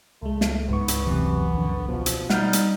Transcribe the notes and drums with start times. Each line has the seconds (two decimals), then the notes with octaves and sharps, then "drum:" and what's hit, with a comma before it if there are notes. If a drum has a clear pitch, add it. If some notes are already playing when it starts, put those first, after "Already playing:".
0.22 C#2 G#3 A3
0.41 drum: snare
0.69 C#2 G#2 B3 C#6
0.88 drum: hi-hat
1.06 E1 F#2 C3 E3
1.53 A#1 F#2 D3
1.88 A1 B2 F3
2.06 drum: hi-hat
2.30 G3 D#4 F#5 F6 G6, drum: snare
2.53 drum: hi-hat